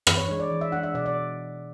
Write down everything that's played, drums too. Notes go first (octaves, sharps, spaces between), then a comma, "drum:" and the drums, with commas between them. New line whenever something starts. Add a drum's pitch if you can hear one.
E3 B4, drum: rim click
C#5
G#3 D4 C#5
D5
E3
E5
G#3 D4 F#5
E5
B2 D5
D5